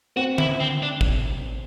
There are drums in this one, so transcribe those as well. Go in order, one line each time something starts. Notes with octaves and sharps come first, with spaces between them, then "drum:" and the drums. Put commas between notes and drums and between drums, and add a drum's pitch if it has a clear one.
C4 F#4
E4, drum: tom D3
C4
D4
drum: kick